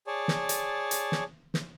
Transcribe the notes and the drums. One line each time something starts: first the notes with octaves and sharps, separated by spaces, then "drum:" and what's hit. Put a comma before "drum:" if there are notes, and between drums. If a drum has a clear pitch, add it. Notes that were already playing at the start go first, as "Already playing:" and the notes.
G#4 C#5 D5 A5
drum: snare
drum: hi-hat
drum: hi-hat
drum: snare
drum: snare